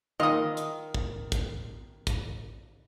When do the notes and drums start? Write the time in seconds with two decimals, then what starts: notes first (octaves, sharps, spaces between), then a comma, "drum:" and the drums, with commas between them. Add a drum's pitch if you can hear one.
0.20 D#3 F4 D#5 D#6
0.57 drum: hi-hat
0.94 drum: kick
1.32 drum: kick, hi-hat
2.07 drum: kick, hi-hat